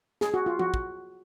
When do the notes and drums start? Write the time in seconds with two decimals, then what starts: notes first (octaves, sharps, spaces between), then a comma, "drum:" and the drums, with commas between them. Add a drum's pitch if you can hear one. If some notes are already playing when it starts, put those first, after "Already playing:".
0.21 G#4, drum: snare
0.34 F#4
0.46 F4
0.59 F#4, drum: tom F3
0.74 drum: kick